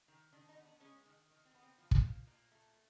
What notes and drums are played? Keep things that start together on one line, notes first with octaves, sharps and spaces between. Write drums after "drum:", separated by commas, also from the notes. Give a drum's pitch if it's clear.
D#3
D#3 D4
D#4
B3
D4
G#3 C#4
D#3
D#3
C4
B3
C4
F3
drum: kick
A#2
A#2
A3